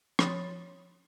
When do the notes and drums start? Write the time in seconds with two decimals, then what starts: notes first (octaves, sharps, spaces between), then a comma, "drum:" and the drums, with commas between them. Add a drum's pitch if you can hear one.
0.19 F3 C#5 B5 C6 D#6 A6, drum: rim click